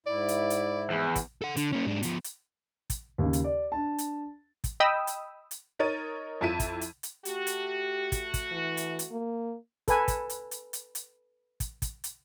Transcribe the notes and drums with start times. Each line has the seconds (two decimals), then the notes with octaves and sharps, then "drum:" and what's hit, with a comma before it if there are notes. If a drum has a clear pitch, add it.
0.06 G#2 E4 D5
0.28 drum: hi-hat
0.50 drum: hi-hat
0.90 E2
1.16 drum: kick, hi-hat
1.42 A4 F#5
1.57 D3, drum: hi-hat
1.72 A#3 C#4
1.86 G#2 D4
2.03 F3 B3, drum: hi-hat
2.24 drum: hi-hat
2.90 drum: kick, hi-hat
3.18 D#2 C#3
3.33 drum: hi-hat
3.44 D5
3.72 D4 A5
3.98 drum: hi-hat
4.64 drum: kick, hi-hat
4.80 D#5 G5 B5 D#6 E6
5.07 drum: hi-hat
5.51 drum: hi-hat
5.79 D#4 A#4 C#5 A6 D#7
6.41 F2 F3 E4 A5 B6 D#7
6.60 drum: kick, hi-hat
6.81 drum: hi-hat
7.03 drum: hi-hat
7.25 A3 F#4 G4, drum: hi-hat
7.47 drum: hi-hat
8.12 drum: kick, hi-hat
8.34 drum: kick, hi-hat
8.51 E3
8.77 drum: hi-hat
8.99 drum: hi-hat
9.12 A#3
9.88 A4 B4 G#5, drum: kick, hi-hat
10.08 drum: kick, hi-hat
10.30 drum: hi-hat
10.51 drum: hi-hat
10.73 drum: hi-hat
10.95 drum: hi-hat
11.60 drum: kick, hi-hat
11.82 drum: kick, hi-hat
12.04 drum: hi-hat